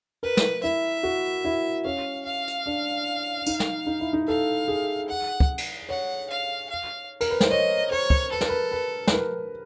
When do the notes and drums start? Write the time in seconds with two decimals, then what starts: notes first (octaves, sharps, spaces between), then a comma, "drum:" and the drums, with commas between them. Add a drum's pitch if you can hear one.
0.23 A#4 B4
0.37 drum: snare
0.63 E4 E5
1.03 F#4
1.45 E4
1.85 C#4 F5
2.25 F5
2.48 drum: hi-hat
2.66 D4
3.46 D#4, drum: tambourine
3.60 drum: snare
3.86 D#4
4.00 E4
4.13 D#4
4.27 A4 F5
4.68 G#4
5.08 F#5
5.40 drum: kick
5.58 drum: cymbal
5.89 C#5 F#5
6.30 F5
6.70 F5
7.21 A#4, drum: cymbal
7.30 B4
7.40 C5, drum: snare
7.50 C#5 D#5
7.91 C5 C#5
8.10 drum: kick
8.31 A4 B4
8.41 A#4, drum: snare
8.49 B4
8.72 B4
9.07 B4, drum: snare
9.13 A#4